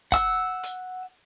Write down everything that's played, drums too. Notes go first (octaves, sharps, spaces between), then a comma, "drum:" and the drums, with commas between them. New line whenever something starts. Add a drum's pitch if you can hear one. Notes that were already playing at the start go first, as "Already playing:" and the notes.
F#5 E6, drum: kick, hi-hat
drum: hi-hat